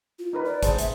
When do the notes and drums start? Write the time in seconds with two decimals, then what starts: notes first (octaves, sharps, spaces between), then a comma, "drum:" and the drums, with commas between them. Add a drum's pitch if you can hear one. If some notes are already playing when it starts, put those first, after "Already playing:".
0.19 F4
0.33 D#4 A#4 B4
0.45 D5
0.63 G#4 C5 A5, drum: kick G#1, hi-hat
0.79 E5, drum: hi-hat